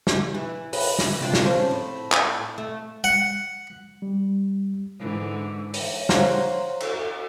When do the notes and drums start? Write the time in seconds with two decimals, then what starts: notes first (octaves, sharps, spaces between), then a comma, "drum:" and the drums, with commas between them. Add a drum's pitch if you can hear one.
0.07 drum: snare
0.34 E3
0.73 B4, drum: open hi-hat
0.99 drum: snare
1.20 C3 D4 F4
1.34 drum: snare
1.43 C#4 D4 C5
1.71 A2
2.12 drum: clap
2.58 A3
3.04 F#5
4.02 G3
4.99 G#2 D3 E3
5.74 drum: open hi-hat
6.09 C5 C#5 F5 F#5 A#5 C6, drum: snare
6.80 drum: cymbal